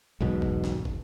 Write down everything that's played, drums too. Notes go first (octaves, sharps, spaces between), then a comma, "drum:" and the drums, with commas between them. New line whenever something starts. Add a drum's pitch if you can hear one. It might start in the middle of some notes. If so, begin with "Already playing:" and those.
B1 E2 G#2 B2
drum: kick
drum: snare
drum: kick